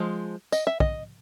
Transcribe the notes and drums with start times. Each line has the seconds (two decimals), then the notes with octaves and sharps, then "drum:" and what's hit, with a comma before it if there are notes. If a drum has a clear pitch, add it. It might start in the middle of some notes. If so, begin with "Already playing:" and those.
Already playing: F3 G#3
0.52 D#5, drum: tambourine
0.67 E5
0.80 D#5, drum: kick